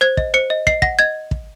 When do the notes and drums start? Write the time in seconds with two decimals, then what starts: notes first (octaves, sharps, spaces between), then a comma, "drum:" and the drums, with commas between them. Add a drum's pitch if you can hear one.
0.01 C5 G#6
0.17 D#5, drum: kick
0.34 C5 C#7
0.50 D#5
0.67 D#5 C7, drum: kick
0.82 F#5 A#6, drum: kick
0.99 D#5 G#6
1.31 drum: kick